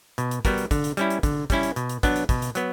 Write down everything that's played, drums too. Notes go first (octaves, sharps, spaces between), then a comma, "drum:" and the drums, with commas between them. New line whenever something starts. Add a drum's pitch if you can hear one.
B2, drum: hi-hat
drum: hi-hat
G3 B3 F#4 A#4, drum: kick, hi-hat
drum: hi-hat
D3, drum: kick, hi-hat
drum: hi-hat
G3 C#4 E4, drum: hi-hat
drum: hi-hat
D3, drum: kick, hi-hat
G3 C#4 E4, drum: kick, hi-hat
drum: hi-hat
B2, drum: hi-hat
drum: hi-hat
F#3 B3 D4, drum: kick, hi-hat
drum: hi-hat
B2, drum: kick, hi-hat
drum: hi-hat
F#3 B3, drum: hi-hat